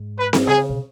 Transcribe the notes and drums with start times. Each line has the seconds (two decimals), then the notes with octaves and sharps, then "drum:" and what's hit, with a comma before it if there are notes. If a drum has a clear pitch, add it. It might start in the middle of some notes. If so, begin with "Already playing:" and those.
Already playing: G#2
0.18 B4
0.33 drum: snare C4
0.47 C#3 G#4
0.69 B2